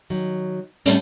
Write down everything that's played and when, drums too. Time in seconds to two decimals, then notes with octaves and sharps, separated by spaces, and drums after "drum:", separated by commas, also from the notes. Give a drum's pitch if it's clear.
0.10 D#3 F#3
0.86 A2 G3 A3 C#4 A4, drum: hi-hat